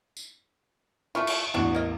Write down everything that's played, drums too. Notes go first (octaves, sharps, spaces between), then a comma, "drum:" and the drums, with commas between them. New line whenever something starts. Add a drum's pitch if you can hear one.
drum: tambourine
A3 E4 F4 B5 C#6
drum: cymbal
A1 E2 B3 D4 F#4
A#3 D#5